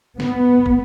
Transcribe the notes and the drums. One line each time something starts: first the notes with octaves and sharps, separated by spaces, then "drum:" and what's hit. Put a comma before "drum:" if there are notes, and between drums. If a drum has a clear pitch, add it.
B3, drum: snare
drum: kick